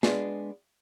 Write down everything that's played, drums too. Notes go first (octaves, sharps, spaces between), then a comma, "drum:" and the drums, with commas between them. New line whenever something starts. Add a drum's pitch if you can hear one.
G#3 B3 D4 G#4, drum: snare